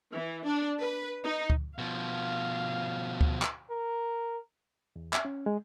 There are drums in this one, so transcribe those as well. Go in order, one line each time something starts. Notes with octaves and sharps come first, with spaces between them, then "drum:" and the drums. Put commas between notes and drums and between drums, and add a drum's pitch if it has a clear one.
E3
D4
B4
D#4
drum: kick D2
B2 F3 F5
drum: kick D2
drum: clap
A#4
E2
E5, drum: clap
C#4
G#3